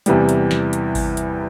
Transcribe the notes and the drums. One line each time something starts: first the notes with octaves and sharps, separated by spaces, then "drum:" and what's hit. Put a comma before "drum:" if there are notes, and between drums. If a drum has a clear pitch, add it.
E2 C3 E3 G3, drum: hi-hat
drum: hi-hat
drum: snare
drum: hi-hat
drum: kick G#1, open hi-hat
drum: hi-hat